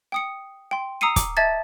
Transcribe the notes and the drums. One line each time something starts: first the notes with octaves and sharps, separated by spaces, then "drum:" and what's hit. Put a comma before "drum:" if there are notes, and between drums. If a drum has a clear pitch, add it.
G5 D#6 C#7
G5 C6
A#5 D#6 E6 C7 C#7 D#7
D6, drum: kick, hi-hat
D#5 E5 A5 G#6 A6